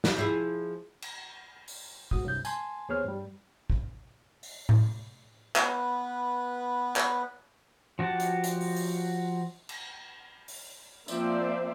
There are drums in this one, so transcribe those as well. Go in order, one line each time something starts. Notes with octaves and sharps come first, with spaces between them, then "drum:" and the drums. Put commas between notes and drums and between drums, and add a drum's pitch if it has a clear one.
drum: snare
F3 E4 G#4
drum: cymbal
drum: open hi-hat
G#2 F#4 D#6, drum: kick A1
C2 G2 C3 G6
G#5 A5 C6, drum: tambourine
D#2 B3 G#4 C5 C#5 F6
G2 G3
drum: kick A1
drum: open hi-hat
drum: tom A2
B3 B4, drum: clap
drum: clap
F3 F#4 G4 F#5 A5
drum: hi-hat
drum: hi-hat
drum: open hi-hat
drum: open hi-hat
drum: cymbal
drum: open hi-hat
F3 A#3 C4 C5 D5 E5, drum: tambourine